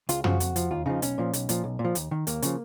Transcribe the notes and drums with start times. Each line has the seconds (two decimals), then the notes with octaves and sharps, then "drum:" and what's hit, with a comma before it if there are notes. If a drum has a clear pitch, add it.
0.09 C#2 F4, drum: hi-hat
0.24 C#3 F3 F#4, drum: tom
0.40 F2, drum: hi-hat
0.56 F3, drum: hi-hat
0.71 D#2 F4
0.86 C#3 F3 D#4
1.02 B1 C#4, drum: hi-hat
1.18 A#2 F3
1.33 B1, drum: hi-hat
1.49 A#2 F3, drum: hi-hat
1.64 B1
1.79 A#2
1.85 F3
1.95 D#2, drum: hi-hat
2.11 D#3
2.27 D#2 A#3, drum: hi-hat
2.42 C#3 F3, drum: hi-hat